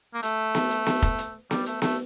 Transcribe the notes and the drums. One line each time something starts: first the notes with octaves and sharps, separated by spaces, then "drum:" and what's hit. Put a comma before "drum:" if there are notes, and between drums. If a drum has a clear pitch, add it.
A#3
A3, drum: hi-hat
drum: snare B3
drum: hi-hat
drum: snare B3
drum: kick F1, hi-hat
drum: hi-hat
G3, drum: snare B3
A3, drum: hi-hat
A3, drum: snare B3